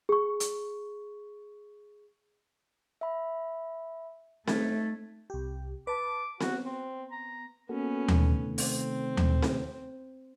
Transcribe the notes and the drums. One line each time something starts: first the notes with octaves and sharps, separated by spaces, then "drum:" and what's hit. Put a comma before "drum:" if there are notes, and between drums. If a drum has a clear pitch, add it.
G#4 C#6
drum: hi-hat
E5 B5
A3 D#4 G#6 A6, drum: snare C4
C2 G4
B4 A5 D6
B3 F#4, drum: snare C4
C4
A#5
A#3 B3 C#4 F#4 A4
drum: tom D#2
C3 D#3 A3
C4, drum: open hi-hat
drum: tom D#2
drum: snare C4